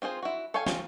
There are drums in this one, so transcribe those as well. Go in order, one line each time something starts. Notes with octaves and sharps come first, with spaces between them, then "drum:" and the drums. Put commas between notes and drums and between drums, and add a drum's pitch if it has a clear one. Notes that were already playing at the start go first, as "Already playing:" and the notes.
C4 F4 G#4 C5
E4 F#4
A4 C#5 F5 G5 G#5
C4 C#4 F4, drum: snare